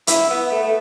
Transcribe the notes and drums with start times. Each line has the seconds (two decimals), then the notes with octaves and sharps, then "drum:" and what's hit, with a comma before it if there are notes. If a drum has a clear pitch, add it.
0.07 E4, drum: hi-hat
0.30 B3
0.52 A3
0.63 A3